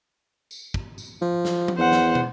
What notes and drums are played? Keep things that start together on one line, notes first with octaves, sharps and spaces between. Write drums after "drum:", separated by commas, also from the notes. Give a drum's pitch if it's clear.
drum: tambourine
drum: kick
drum: tambourine
F3
drum: snare
drum: tom F3
E2 C5 F#5
drum: snare
drum: tom